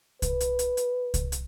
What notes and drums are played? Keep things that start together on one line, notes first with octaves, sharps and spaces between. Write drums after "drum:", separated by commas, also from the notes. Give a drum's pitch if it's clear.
B4, drum: kick C2, hi-hat
drum: hi-hat
drum: hi-hat
drum: hi-hat
drum: kick C2, hi-hat
drum: hi-hat